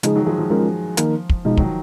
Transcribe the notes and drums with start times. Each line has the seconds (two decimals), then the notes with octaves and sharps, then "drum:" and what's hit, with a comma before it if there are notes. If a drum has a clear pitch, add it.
0.03 C#3 F3 G#3 D#4 G#4, drum: hi-hat
0.15 D#3 F#3
0.26 F3 G#3
0.39 F3
0.50 F3 G#3 C#4 F4 A#4
0.97 D#3 A#3 D#4 A#4, drum: hi-hat
1.30 drum: kick
1.45 B2 F3 G#3 D#4
1.57 D#3 F#3, drum: kick